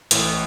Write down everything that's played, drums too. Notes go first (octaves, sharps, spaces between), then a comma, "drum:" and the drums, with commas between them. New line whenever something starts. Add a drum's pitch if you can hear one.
A1 A2, drum: hi-hat